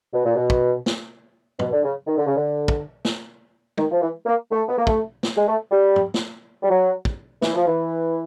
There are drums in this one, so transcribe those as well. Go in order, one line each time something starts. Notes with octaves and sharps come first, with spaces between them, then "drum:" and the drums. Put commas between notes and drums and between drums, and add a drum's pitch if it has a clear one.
B2
A#2
B2
drum: kick
drum: snare
B2, drum: tom
D3
C#3
D#3
D3
C#3
D3
drum: kick
drum: snare
D#3, drum: tom
F3
E3
A#3
A3
B3
A#3
A3, drum: kick
drum: snare
G#3
A3
G3
drum: tom
drum: snare
G3
F#3
drum: kick
E3, drum: snare
F3
E3